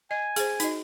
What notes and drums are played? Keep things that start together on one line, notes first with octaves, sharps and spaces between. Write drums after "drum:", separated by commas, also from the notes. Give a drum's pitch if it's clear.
D#5 G#5
G#4 C5, drum: hi-hat
D#4 F#4 D#5, drum: hi-hat